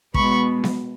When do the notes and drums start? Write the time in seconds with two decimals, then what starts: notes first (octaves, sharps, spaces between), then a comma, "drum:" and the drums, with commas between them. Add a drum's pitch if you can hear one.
0.14 B2 G#3 B3 B5 C#6, drum: kick
0.64 drum: snare B3